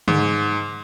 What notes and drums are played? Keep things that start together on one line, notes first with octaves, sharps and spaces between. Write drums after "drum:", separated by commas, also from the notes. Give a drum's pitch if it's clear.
G#2, drum: tom